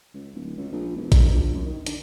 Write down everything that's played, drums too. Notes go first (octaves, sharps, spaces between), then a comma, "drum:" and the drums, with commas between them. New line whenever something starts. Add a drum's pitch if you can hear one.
C#2
D1
C#2
A#1
E1
D2, drum: kick A#1, hi-hat
A#1
F#2
D#3
D3, drum: hi-hat